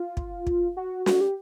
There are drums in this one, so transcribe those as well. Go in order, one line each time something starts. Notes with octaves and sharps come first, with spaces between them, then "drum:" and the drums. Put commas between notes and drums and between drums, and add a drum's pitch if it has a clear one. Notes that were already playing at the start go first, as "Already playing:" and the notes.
Already playing: F4
drum: kick
drum: kick
F#4
F#4, drum: snare
G4